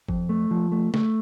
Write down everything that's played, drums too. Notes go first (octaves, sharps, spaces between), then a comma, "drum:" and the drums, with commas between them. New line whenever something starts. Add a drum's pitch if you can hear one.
F2, drum: kick
A3
F3
A3
A3, drum: snare